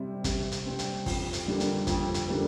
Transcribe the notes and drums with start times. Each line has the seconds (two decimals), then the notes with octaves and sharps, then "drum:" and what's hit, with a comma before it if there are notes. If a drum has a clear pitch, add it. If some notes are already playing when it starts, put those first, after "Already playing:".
Already playing: C3 G3 C4
0.24 C3, drum: kick, hi-hat
0.52 drum: hi-hat
0.66 G3 C4
0.79 drum: hi-hat
1.06 F2, drum: kick, open hi-hat
1.33 drum: hi-hat
1.47 D3 G3 A#3
1.60 drum: hi-hat
1.87 F2, drum: kick, hi-hat
2.14 drum: hi-hat
2.28 D3 G3 A#3